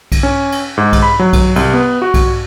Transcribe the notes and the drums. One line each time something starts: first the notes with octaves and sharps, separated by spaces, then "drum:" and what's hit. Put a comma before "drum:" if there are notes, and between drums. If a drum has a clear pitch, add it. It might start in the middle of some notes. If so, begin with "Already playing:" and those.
drum: kick B1, cymbal
C#4
drum: cymbal
G#2
drum: kick B1, cymbal
B5
F#3
drum: kick B1, cymbal
C2, drum: cymbal
B3
F#4
drum: kick B1, cymbal